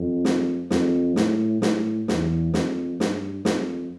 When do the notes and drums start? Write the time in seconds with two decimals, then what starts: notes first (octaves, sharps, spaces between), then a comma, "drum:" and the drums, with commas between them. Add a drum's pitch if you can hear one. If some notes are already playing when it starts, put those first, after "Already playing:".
Already playing: F2
0.25 drum: snare
0.70 F2, drum: snare
1.16 A2, drum: snare
1.62 A2, drum: snare
2.08 E2, drum: snare
2.54 F2, drum: snare
3.00 G2, drum: snare
3.45 F2, drum: snare